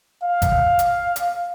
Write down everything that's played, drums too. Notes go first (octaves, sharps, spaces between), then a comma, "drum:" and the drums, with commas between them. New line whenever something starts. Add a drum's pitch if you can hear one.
F5
drum: kick G#1, hi-hat
drum: hi-hat
drum: hi-hat